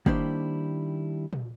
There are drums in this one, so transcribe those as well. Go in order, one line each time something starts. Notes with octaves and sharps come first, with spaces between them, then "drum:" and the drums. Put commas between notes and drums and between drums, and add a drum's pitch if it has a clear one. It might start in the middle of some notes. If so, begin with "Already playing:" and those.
D#3 G3 A#3 D4 E4 C5, drum: kick
drum: tom A#2